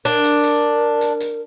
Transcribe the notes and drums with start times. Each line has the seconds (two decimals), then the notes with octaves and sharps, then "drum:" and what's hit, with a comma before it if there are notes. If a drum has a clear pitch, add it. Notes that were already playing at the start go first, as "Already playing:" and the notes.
0.05 D4 A#4, drum: open hi-hat
0.24 drum: hi-hat
0.44 drum: hi-hat
1.01 drum: hi-hat
1.20 drum: hi-hat